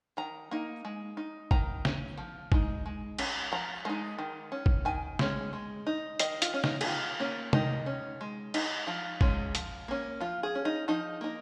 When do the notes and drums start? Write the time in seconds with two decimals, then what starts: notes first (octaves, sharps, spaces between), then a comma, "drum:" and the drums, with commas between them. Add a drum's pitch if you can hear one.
0.17 D#3 A#5
0.51 A#3 D#4
0.85 G#3
1.17 D#4
1.51 D#3 A#5, drum: kick
1.85 C#4, drum: snare
2.17 F3
2.52 G#3 D#4, drum: kick
2.86 G#3
3.19 C#4, drum: cymbal
3.52 F3 A#5
3.85 G#3 D#4
4.18 D#3
4.52 C#4
4.66 drum: kick
4.85 D#3 G#5
5.19 G#3 C#4, drum: snare
5.53 G#3
5.86 D#4
6.20 D#3 D#5, drum: hi-hat
6.42 F4, drum: hi-hat
6.54 C#4
6.64 D#4, drum: snare
6.81 G#4, drum: cymbal
6.86 D#3 F4
7.20 A#3 C#4
7.53 D#3 D#4, drum: tom C3
7.86 C#4
8.21 G#3
8.54 D#4, drum: cymbal
8.87 F3 F4
9.21 G#3 C#4, drum: kick
9.55 F3, drum: hi-hat
9.88 A#3 C#4
10.20 F3 F4
10.43 G#4
10.55 C#4
10.65 D#4
10.88 F3 D#4
11.21 A#3 D#4